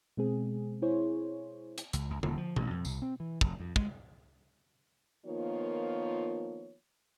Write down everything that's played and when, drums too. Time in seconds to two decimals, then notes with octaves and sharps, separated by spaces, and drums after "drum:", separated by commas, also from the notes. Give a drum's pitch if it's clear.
0.17 B2 G#3 C4 G#4
0.82 E4 G#4 C5 C#5
1.78 drum: hi-hat
1.93 C#2, drum: hi-hat
2.10 C#2
2.23 D#1, drum: tom D3
2.38 F3
2.56 A1, drum: tom B2
2.70 F2
2.85 C2, drum: tambourine
3.02 C4
3.20 E3
3.41 F1, drum: kick
3.60 F2
3.76 G#3, drum: kick
5.26 D#3 F3 A#3 B3 F4 C#5